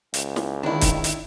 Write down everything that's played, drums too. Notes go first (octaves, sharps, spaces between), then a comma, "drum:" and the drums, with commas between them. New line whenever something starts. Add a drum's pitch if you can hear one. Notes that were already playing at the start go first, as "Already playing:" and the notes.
C#2, drum: hi-hat
drum: snare
D#3 D4 E4
drum: kick, hi-hat
drum: hi-hat